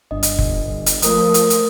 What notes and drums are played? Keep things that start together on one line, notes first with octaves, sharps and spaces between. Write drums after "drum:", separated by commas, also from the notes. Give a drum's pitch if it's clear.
G1 D4 D#5
drum: hi-hat
drum: kick F1
drum: hi-hat
F3 A3 A#4 D#6, drum: hi-hat
drum: hi-hat
drum: hi-hat